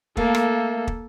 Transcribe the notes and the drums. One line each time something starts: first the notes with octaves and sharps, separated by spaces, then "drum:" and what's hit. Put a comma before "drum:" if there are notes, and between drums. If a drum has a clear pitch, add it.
A3 A#3 A4 A#4 F5, drum: kick
drum: rim click
drum: kick